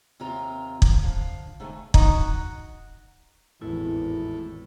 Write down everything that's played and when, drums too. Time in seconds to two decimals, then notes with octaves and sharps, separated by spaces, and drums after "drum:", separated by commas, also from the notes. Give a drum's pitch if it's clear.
0.20 D#2 C3 C4 F4 A#5
0.82 drum: kick
1.03 D3 F3 F5
1.60 C3 D#3 A3 G#5 A5
1.94 D#4 F#4, drum: kick
3.61 G#1 E2 A2 E4